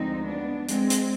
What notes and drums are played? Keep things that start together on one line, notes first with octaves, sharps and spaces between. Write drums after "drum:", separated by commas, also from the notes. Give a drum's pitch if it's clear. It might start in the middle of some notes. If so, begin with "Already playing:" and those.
Already playing: D2 D3 F3 G#3 C4 D#4
B3 D4
G#3 C4, drum: hi-hat
drum: hi-hat